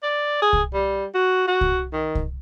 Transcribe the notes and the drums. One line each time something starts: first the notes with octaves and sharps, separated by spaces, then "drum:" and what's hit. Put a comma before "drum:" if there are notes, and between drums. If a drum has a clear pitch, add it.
D5
G#4
drum: kick C2
G3
F#4
F#4
drum: kick C2
D#3
drum: kick C2